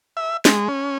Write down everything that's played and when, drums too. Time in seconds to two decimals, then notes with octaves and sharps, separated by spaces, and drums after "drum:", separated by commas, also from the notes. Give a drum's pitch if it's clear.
0.17 E5
0.45 G#3, drum: snare
0.69 C#4